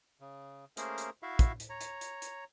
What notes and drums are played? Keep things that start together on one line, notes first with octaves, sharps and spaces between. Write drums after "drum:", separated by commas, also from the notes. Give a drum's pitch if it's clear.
C#3
A3 A#3 C#4 G#4 A#4 C5, drum: hi-hat
drum: hi-hat
E4 F#4 E5 F5
drum: kick, hi-hat
drum: hi-hat
C#5 A#5
drum: hi-hat
drum: hi-hat
drum: hi-hat